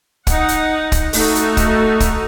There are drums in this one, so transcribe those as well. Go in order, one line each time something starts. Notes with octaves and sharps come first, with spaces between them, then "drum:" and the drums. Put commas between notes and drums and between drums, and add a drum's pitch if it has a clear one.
D#4 F#5, drum: kick, hi-hat
drum: hi-hat
drum: kick, hi-hat
A3 D#4 F#4, drum: open hi-hat
drum: hi-hat
drum: kick, hi-hat
drum: kick, hi-hat